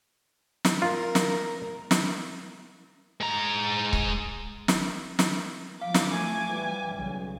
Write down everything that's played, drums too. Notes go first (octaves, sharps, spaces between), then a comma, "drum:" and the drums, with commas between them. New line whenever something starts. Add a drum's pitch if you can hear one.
drum: snare
F4 A#4
drum: snare
drum: snare
G#3 A#5
drum: kick C#1
drum: snare
drum: snare
F3 F5 D6
drum: snare
A3 G#5
E3 G3
B1 C#3